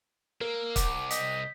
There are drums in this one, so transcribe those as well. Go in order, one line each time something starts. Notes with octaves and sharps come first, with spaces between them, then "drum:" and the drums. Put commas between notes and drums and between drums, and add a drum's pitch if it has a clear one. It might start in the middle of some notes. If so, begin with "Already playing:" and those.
A#3 A#4
C2 F#5 D6, drum: kick, hi-hat
D#5 G6 B6, drum: hi-hat